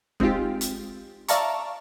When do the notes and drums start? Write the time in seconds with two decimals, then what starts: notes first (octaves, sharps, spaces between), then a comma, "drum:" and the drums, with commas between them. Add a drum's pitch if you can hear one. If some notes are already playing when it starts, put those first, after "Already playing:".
0.20 G#3 C4 D#4 F4 G4, drum: kick
0.61 drum: hi-hat
1.28 D5 E5 F5 A5 A#5 C#6, drum: hi-hat